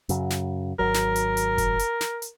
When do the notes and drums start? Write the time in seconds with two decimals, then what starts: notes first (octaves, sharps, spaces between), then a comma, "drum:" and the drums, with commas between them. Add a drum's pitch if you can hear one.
0.09 F#2 C#3 F#3, drum: hi-hat
0.30 drum: snare
0.79 G#1 C#2 F#3 A#4
0.94 drum: snare
1.16 drum: hi-hat
1.37 drum: hi-hat
1.58 drum: kick F1, hi-hat
1.79 drum: hi-hat
2.01 drum: snare
2.22 drum: hi-hat